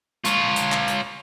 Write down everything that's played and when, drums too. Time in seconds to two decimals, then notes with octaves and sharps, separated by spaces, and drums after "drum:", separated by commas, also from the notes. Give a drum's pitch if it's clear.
0.25 F4 C#5, drum: hi-hat
0.56 drum: hi-hat
0.72 drum: clap
0.88 drum: hi-hat